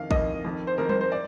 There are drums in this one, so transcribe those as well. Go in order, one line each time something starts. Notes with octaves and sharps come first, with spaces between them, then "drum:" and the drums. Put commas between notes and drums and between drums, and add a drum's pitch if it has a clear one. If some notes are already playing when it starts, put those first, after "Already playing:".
Already playing: F2 D#3 F5
F2 D#3 D#5, drum: kick
F2 D#3
C5
F2 D#3 A#4
C5, drum: tom G3
C5
D5